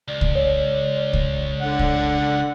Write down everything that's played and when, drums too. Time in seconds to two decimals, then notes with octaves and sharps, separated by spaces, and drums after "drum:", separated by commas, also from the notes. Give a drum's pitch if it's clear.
0.08 C#2 D5
0.21 drum: kick C2
0.35 C#5
1.13 drum: kick C2
1.62 D3 F#5
1.79 drum: kick C2